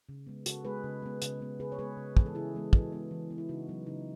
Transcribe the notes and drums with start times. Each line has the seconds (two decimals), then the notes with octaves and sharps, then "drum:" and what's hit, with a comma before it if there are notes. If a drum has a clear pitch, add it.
0.09 C#3
0.27 G#3 B3
0.46 C#3 F#4 A4, drum: hi-hat
0.64 G#3 B3 G#4 B4
0.84 C#3
1.02 G#3 B3
1.22 C#3, drum: hi-hat
1.40 G#3 B3
1.60 C#3 G#4 B4
1.72 C#5
1.79 G#3 B3 G#4 B4
1.97 C#3
2.17 E3 G#3 B3, drum: kick
2.26 A4
2.35 C#3 E4 G#4
2.55 E3 G#3 B3
2.73 E3 F#4 A4, drum: kick
2.92 G#3 B3
3.11 E3
3.30 G#3 B3
3.38 E4
3.49 C#3 D#4 F#4
3.69 F#3 B3
3.87 C#3 D#4